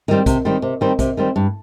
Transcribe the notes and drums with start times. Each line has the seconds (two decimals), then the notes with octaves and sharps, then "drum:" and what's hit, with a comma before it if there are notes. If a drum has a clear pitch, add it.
0.08 D#3 G3 C4
0.26 C3, drum: kick A#1, hi-hat
0.45 D#3 G3 C4
0.62 C3
0.81 D#3 G3 C4
0.99 C3, drum: kick A#1, hi-hat
1.17 D#3 G3 C4
1.36 G2